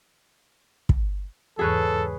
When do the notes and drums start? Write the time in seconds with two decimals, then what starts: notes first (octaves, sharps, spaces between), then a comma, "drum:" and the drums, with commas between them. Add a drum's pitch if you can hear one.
0.89 drum: kick
1.59 E2 G#2 C#3 G#4 A4 B4 C#5